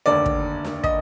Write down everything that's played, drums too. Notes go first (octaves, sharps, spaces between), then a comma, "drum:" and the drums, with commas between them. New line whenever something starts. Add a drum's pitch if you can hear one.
F1 D#2 D3 D5
drum: kick
drum: snare
D#5, drum: kick